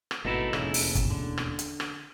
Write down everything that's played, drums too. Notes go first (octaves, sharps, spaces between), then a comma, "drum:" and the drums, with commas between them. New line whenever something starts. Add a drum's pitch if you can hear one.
drum: rim click
G#1 B2 A3 D#4 E4
E1 D#2 C#3, drum: rim click
drum: open hi-hat
drum: kick, hi-hat
D3
drum: rim click
drum: hi-hat
drum: rim click